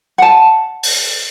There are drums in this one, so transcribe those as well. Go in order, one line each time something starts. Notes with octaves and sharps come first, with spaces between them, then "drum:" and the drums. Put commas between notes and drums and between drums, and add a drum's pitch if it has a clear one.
F#5 A5
drum: open hi-hat